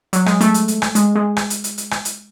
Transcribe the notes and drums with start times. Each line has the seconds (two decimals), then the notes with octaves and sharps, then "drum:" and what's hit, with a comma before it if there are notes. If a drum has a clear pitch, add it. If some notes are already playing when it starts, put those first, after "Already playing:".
0.13 F#3, drum: hi-hat
0.26 G#3, drum: rim click
0.41 A3, drum: hi-hat
0.54 drum: hi-hat
0.68 drum: hi-hat
0.82 drum: rim click
0.95 G#3, drum: hi-hat
1.15 G#3
1.37 drum: rim click
1.50 drum: hi-hat
1.64 drum: hi-hat
1.78 drum: hi-hat
1.91 drum: rim click
2.05 drum: hi-hat